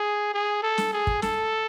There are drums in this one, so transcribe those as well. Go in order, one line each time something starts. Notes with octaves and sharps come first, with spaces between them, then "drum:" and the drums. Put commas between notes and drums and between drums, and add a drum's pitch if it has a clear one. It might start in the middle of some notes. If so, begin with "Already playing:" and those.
Already playing: G#4
G#4
A4
drum: snare
G#4
drum: kick
A4, drum: snare